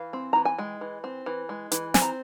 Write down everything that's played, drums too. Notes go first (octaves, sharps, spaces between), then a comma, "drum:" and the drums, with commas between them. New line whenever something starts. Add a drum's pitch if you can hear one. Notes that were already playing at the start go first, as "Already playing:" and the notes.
Already playing: E3 F5
C4
E3 A#5
G#5
G#3 G5
E3
C4
E3
G#3
E3, drum: hi-hat
C4 G#5, drum: snare
A#5